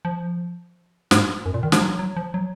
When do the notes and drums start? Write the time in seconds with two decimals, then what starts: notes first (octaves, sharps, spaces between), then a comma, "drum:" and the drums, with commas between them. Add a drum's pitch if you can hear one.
0.05 F3
1.11 G#2, drum: snare
1.46 F#2
1.54 A#2
1.63 D#3
1.72 F3, drum: snare
1.81 F#3
1.99 F#3
2.17 F3
2.34 F#3